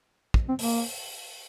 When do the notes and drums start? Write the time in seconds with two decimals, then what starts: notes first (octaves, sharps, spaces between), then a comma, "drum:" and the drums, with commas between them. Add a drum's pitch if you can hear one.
0.34 drum: kick
0.49 C4
0.59 A#3, drum: open hi-hat